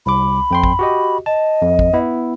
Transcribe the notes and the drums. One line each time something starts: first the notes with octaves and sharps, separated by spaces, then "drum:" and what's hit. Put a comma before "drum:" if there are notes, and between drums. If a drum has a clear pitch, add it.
C2 B5 D6
F2 G5 C6
drum: kick
F#4 G4 D#5
D#5 A5
F2
drum: kick
B3 E4